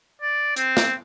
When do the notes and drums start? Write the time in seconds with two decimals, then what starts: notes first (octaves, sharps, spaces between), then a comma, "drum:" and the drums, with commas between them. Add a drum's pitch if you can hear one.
0.22 D5
0.56 C4, drum: hi-hat
0.77 drum: snare